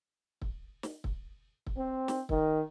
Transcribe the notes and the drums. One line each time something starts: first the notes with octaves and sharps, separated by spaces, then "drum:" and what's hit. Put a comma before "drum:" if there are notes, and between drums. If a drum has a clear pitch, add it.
drum: kick
drum: snare
drum: kick
drum: kick
C4
drum: snare
D#3, drum: kick